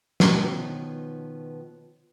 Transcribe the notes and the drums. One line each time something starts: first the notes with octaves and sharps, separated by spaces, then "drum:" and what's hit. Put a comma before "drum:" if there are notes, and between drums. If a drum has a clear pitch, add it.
B2 D#3 F3 B3 C#4, drum: snare